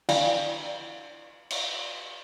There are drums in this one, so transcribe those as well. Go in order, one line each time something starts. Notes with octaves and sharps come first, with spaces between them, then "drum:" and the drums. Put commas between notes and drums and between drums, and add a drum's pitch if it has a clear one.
D4 E4 D5 F5 G5 B5, drum: cymbal
drum: cymbal